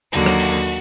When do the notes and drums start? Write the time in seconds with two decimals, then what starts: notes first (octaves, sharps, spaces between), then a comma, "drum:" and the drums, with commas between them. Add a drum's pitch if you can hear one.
0.13 D#2 D3 F#3 A#3 F#4, drum: hi-hat
0.26 drum: rim click
0.40 drum: open hi-hat